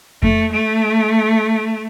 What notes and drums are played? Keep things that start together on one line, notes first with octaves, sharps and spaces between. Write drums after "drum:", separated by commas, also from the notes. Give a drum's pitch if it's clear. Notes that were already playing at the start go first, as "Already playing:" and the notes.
A3, drum: kick F2
A3